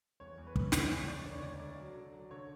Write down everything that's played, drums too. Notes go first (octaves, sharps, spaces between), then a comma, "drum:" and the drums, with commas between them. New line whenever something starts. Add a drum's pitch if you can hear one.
E2 C#5
E2
B4
E2, drum: kick
E3 C#5, drum: snare
F#1 C#5
E2 D5
D2 C#5
C#5
D2 D5
D2 D5
F#3
D3
F#3
D3 C#5